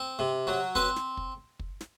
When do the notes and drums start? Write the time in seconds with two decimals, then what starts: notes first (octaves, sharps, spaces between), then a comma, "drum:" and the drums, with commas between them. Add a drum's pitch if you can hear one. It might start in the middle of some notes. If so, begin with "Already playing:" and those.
Already playing: C4
0.19 C3
0.47 F#3
0.75 C4 B4, drum: kick
0.96 drum: snare
1.17 drum: kick
1.59 drum: kick
1.81 drum: snare